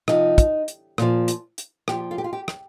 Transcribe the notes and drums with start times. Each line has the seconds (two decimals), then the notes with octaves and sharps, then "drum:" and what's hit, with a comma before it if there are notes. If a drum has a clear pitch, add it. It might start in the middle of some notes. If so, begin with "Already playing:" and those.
0.08 C3 F3 D#4, drum: rim click
0.38 drum: kick, hi-hat
0.68 drum: hi-hat
0.98 A#2 F3, drum: rim click
1.28 drum: hi-hat
1.58 drum: hi-hat
1.88 A#2 F3 G4, drum: rim click
2.11 F4
2.18 G4
2.24 F4
2.33 G4
2.48 drum: rim click